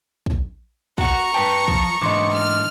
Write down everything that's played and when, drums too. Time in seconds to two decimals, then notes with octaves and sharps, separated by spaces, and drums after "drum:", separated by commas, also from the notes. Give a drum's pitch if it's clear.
0.26 drum: kick
0.98 F#4 F#5 A#5 C#6, drum: kick
1.34 G2 B4 G5 A5
1.68 F3, drum: kick
2.01 G#2 D3 E3 D#5 C6 D6
2.34 F6